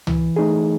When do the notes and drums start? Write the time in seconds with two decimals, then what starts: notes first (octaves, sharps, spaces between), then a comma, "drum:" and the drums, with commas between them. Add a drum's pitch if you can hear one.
0.07 E3, drum: tom
0.36 A3 D#4 G#4